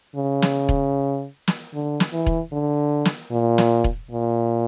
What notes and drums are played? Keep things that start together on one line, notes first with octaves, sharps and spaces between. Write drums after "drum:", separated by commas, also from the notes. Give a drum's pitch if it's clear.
C#3
drum: snare
drum: kick E1
drum: snare
D3
drum: snare
E3
drum: kick E1
D3
drum: snare
A#2
drum: snare
drum: kick E1
A#2